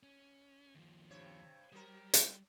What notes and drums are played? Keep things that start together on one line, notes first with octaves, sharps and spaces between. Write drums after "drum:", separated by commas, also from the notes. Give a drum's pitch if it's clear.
C#4
D#2 F3
G2 C3 C#5
F#3 G3 A#4
drum: hi-hat